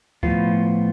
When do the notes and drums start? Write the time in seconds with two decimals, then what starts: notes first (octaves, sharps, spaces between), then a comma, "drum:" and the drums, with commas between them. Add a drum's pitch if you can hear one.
0.23 A2 F3 B3 F4, drum: kick C#2